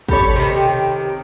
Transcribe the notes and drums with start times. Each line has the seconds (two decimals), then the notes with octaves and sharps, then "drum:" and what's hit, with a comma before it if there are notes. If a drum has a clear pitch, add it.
0.09 G4 A4 C#5 B5, drum: kick
0.36 C3 D#3
0.54 G5